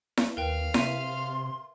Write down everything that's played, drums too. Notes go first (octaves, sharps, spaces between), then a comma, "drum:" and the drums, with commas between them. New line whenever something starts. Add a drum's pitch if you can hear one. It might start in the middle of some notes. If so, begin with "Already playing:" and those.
drum: snare E4
D#2 A#4 B4 F5 G5
C3 E5 C6 D#7, drum: snare E4